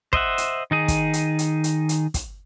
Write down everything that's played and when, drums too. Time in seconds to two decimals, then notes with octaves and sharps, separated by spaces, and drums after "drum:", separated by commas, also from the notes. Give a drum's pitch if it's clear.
0.13 C5 D#5 E5 F#5, drum: kick
0.38 drum: hi-hat
0.71 D#3 D#4 G#4
0.88 drum: kick, hi-hat
1.13 drum: hi-hat
1.39 drum: hi-hat
1.64 drum: hi-hat
1.89 drum: hi-hat
2.14 drum: kick, hi-hat